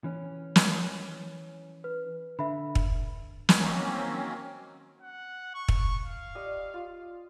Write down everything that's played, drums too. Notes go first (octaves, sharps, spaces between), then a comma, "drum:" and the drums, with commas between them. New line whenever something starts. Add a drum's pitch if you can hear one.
E3 C#4
drum: snare
B4
D3 E5 B5
drum: kick
drum: snare
D#3 F#3 A#3 C4 C#4
F#5
C#6
drum: kick
F5
G3 D#5
F4